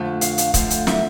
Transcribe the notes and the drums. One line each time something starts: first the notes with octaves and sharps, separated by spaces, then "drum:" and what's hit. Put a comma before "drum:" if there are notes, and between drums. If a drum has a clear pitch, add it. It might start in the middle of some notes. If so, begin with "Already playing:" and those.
Already playing: F2 D3 F3 A3
F5, drum: hi-hat
drum: hi-hat
D2 D3 F3 A3, drum: kick C#1, hi-hat
drum: hi-hat
E5, drum: snare